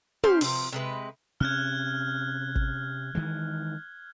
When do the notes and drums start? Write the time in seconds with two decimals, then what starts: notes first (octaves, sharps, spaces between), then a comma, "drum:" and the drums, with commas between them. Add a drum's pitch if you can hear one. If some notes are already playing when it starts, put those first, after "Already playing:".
0.24 C#4 G4 C5 F5, drum: tom
0.41 C3 F3, drum: open hi-hat
0.72 C3 G#3 B4
1.40 C3 C#4 F6 F#6 G#6
2.55 drum: kick
3.15 D#3 E3 G#3